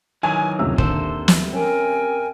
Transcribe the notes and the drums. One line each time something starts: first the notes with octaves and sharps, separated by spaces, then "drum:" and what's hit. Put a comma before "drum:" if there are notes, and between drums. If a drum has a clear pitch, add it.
D#3 E3 F#3 G#5
D#1 C#2 C3 E6
D#2 D3 A4 C5, drum: kick
drum: snare
C#4 A#4 G5 G#5